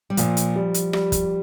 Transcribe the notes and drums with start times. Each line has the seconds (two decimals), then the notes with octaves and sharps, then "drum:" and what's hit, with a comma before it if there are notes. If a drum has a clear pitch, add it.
0.10 G3
0.17 A#2 F3, drum: hi-hat
0.37 drum: hi-hat
0.56 G3
0.74 drum: hi-hat
0.93 G3, drum: rim click
1.12 drum: kick, hi-hat